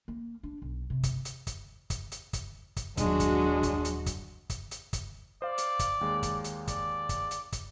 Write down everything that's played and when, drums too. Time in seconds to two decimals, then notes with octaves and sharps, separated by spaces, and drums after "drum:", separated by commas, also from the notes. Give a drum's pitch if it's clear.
0.08 A#3
0.43 D4
0.62 B1
0.90 C3
1.03 drum: kick, hi-hat
1.25 drum: hi-hat
1.47 drum: kick, hi-hat
1.90 drum: kick, hi-hat
2.12 drum: hi-hat
2.33 drum: kick, hi-hat
2.76 drum: kick, hi-hat
2.97 D#1 F#3 G#3 D4 F#4, drum: hi-hat
3.20 drum: kick, hi-hat
3.63 drum: kick, hi-hat
3.85 drum: hi-hat
4.06 drum: kick, hi-hat
4.50 drum: kick, hi-hat
4.71 drum: hi-hat
4.93 drum: kick, hi-hat
5.42 C5 D5 F5
5.58 drum: hi-hat
5.79 drum: kick, hi-hat
6.01 D#2 G#3
6.23 drum: kick, hi-hat
6.44 drum: hi-hat
6.67 D5, drum: kick, hi-hat
7.09 drum: kick, hi-hat
7.31 drum: hi-hat
7.52 drum: kick, hi-hat